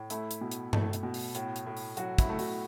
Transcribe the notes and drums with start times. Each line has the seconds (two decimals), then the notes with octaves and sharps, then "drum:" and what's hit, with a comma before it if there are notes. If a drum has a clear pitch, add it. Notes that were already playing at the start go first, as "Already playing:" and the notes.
Already playing: A2
0.10 A3 E4, drum: hi-hat
0.31 drum: hi-hat
0.41 B2
0.52 drum: hi-hat
0.73 A3, drum: tom G2
0.93 drum: hi-hat
1.03 B2
1.14 drum: open hi-hat
1.35 A2, drum: hi-hat
1.56 drum: hi-hat
1.66 A2
1.77 drum: open hi-hat
1.97 F#3 F#4, drum: hi-hat
2.18 E4, drum: kick, hi-hat
2.29 A3
2.39 F#4, drum: open hi-hat